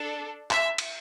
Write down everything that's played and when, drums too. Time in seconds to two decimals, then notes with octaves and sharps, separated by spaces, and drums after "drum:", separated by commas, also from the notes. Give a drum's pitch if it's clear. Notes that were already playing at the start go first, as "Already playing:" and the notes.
Already playing: D4 A4
0.51 E5, drum: clap
0.78 drum: cymbal